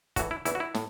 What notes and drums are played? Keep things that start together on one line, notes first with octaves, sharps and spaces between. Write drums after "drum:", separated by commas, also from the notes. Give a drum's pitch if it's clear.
A2 E3 F#4, drum: kick, hi-hat
E4
E2 E3 E4, drum: hi-hat
F#4
E4
A2, drum: snare